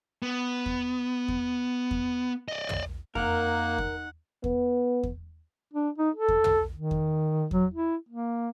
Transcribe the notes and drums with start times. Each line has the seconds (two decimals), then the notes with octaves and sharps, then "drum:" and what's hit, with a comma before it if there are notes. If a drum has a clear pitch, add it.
0.22 B3
0.66 drum: kick E2
1.28 drum: kick E2
1.91 drum: kick E2
2.48 D5 D#5
2.69 drum: tom
3.15 F2 A#3 D#4 A#4 F#5, drum: kick E2
3.78 drum: kick E2
4.44 B3, drum: kick E2
5.03 drum: kick E2
5.73 D4
5.98 D#4
6.15 A4
6.28 drum: kick E2
6.44 drum: tom
6.75 D#3
6.91 drum: kick E2
7.51 F#3, drum: kick E2
7.74 E4
8.09 A#3